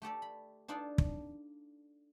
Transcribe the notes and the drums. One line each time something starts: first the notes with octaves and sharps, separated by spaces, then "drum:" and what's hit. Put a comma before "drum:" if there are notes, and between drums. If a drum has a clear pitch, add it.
A3 G4 A4 D5
B5
D4 D#4 F4 A4 D5
drum: kick